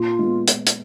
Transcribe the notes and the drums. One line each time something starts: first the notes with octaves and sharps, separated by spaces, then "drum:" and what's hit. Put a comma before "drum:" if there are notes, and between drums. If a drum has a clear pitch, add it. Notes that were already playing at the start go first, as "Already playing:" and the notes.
Already playing: A#2 F4
G#3 B3
drum: hi-hat
drum: hi-hat